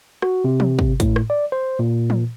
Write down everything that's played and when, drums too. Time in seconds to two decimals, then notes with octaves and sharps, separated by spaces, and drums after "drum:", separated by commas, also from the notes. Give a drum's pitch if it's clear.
0.22 F#4, drum: rim click
0.44 C3
0.60 drum: tom
0.79 drum: kick
1.00 A2, drum: kick, hi-hat
1.16 drum: rim click
1.30 D5
1.52 C5
1.79 A#2
2.10 drum: tom